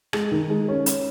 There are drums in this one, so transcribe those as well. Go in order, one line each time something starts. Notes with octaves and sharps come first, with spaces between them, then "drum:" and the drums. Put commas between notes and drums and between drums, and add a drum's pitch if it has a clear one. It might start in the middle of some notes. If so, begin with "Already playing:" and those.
G#3, drum: rim click
D#3
G#3
C#4
C#4, drum: hi-hat